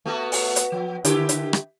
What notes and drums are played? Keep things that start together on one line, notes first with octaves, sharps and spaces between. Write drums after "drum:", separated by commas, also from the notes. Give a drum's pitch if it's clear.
A3 B3 F#4
drum: open hi-hat
drum: hi-hat
F3
D3 E4 G4, drum: hi-hat
drum: hi-hat
drum: rim click